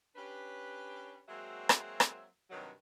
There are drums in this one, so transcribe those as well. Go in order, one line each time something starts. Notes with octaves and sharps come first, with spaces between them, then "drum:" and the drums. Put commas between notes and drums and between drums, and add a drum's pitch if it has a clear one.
C#4 D4 G4 B4
F#3 G#3 A#3 C4 F#4 E5
drum: rim click
drum: rim click
G2 C3 D#3 F#3